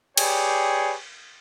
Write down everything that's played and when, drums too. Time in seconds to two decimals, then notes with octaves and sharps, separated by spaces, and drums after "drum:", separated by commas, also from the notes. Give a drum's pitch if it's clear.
0.17 G4 G#4 B4 C#5 D5 G5, drum: cymbal